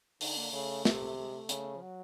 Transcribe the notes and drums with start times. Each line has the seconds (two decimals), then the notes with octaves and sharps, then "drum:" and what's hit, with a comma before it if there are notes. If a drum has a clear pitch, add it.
0.21 D3 D#4, drum: open hi-hat
0.37 A#3
0.53 C#3 A3
0.85 C3, drum: snare
1.17 A3
1.25 G#3
1.34 A3
1.49 C#3, drum: hi-hat
1.75 F3
1.82 F#3